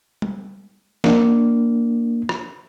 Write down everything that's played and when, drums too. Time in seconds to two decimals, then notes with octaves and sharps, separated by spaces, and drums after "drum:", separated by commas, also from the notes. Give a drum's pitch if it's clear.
0.22 drum: tom G3
1.04 A#3 D4, drum: snare
2.29 drum: rim click